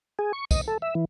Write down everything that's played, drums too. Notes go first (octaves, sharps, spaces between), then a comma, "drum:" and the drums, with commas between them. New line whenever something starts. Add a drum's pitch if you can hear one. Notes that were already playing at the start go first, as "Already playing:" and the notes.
G#4
C#6
D#5, drum: kick, tambourine
A4
E5
E3